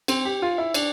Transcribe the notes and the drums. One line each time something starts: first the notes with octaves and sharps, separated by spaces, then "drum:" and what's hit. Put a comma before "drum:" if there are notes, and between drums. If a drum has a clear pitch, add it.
C4, drum: cymbal
G4
F4
E4
D4, drum: cymbal